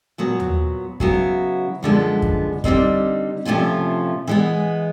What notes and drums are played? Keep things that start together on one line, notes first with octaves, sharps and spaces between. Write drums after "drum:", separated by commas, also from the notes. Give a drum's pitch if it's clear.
A#2 F#3 B3
drum: tom D#2
C#3 F#3 B3 E4, drum: kick
F#2 D3 F3 G#3 B3
drum: kick
D3 G3 C4 D#4, drum: kick
C3 F3 A3 C#4 F4
E3 G#3 B3